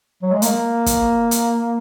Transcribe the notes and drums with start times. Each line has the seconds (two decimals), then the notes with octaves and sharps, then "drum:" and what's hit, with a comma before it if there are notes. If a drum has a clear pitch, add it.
0.22 F#3
0.31 G#3
0.42 A#3, drum: hi-hat
0.86 drum: kick, hi-hat
1.31 drum: hi-hat